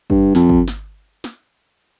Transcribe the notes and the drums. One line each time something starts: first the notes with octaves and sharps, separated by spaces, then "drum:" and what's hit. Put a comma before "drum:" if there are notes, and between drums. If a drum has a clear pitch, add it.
G2, drum: kick
F2, drum: snare
drum: kick
drum: snare
drum: snare